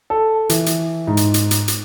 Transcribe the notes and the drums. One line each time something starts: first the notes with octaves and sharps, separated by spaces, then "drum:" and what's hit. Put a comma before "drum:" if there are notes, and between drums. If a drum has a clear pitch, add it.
A4
E3, drum: hi-hat
drum: hi-hat
G#2
drum: hi-hat
drum: hi-hat
drum: hi-hat
drum: hi-hat